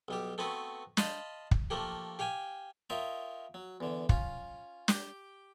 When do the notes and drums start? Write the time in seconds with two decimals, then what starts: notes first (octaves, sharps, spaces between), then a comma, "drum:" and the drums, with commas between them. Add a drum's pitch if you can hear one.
0.08 B1 G3 G4
0.38 A3 B3 C4 F#4 B4
0.97 D#5 F5 A5 B5 C6, drum: snare
1.51 drum: kick
1.70 F3 A3 A#3 G4
2.19 G4 F5 G5 G#5
2.90 F4 A#4 C#5 D#5 E5 G5
3.54 F#3
3.80 E2 D3
4.09 C#4 F4, drum: kick
4.88 G4 G5, drum: snare